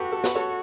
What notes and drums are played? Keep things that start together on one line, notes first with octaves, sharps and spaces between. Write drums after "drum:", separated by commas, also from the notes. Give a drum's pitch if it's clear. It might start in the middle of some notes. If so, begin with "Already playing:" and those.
Already playing: F#4 G4 A4 B4
A4
B4, drum: snare
A4 C#5